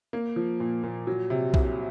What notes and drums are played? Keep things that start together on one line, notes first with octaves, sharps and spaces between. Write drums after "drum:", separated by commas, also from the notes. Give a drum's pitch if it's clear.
A#3
F3
A#2
A#2
F#3
C3
C2, drum: kick